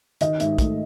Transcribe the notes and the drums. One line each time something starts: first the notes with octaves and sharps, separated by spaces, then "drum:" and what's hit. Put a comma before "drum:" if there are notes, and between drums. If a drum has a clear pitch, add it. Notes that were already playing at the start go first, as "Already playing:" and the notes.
D#3 D#5, drum: hi-hat
G#2 E5, drum: hi-hat
A3, drum: kick, hi-hat